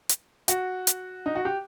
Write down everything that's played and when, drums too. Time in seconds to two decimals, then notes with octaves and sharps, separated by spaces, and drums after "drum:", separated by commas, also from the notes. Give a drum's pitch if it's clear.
0.09 drum: hi-hat
0.48 F#4, drum: hi-hat
0.87 drum: hi-hat
1.26 D#4
1.35 F#4
1.45 G4